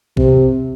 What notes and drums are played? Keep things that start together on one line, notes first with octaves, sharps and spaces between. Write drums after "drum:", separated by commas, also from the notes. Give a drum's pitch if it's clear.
C3, drum: kick A#1